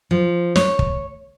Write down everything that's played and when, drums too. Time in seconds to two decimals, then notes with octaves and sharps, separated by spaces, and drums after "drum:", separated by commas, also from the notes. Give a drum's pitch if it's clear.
0.11 F3
0.56 C#5, drum: snare
0.79 drum: kick